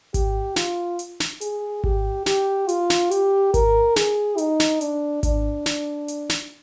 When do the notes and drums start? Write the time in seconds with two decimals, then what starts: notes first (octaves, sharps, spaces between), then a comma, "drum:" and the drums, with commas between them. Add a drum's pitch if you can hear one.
0.14 G4, drum: kick G#1, hi-hat
0.56 F4, drum: snare
0.99 drum: hi-hat
1.20 drum: snare
1.41 G#4, drum: hi-hat
1.84 G4, drum: kick G#1
2.26 G4, drum: snare
2.69 F4, drum: hi-hat
2.90 drum: snare
3.11 G4, drum: hi-hat
3.54 A#4, drum: kick G#1, hi-hat
3.96 G#4, drum: snare
4.38 D#4, drum: hi-hat
4.60 drum: snare
4.81 D4, drum: hi-hat
5.23 D4, drum: kick G#1, hi-hat
5.66 drum: snare
6.08 drum: hi-hat
6.29 drum: snare